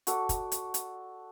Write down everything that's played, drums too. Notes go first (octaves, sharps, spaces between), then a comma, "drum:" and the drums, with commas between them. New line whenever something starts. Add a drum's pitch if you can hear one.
F#4 A4 D5, drum: hi-hat
drum: kick, hi-hat
drum: hi-hat
drum: hi-hat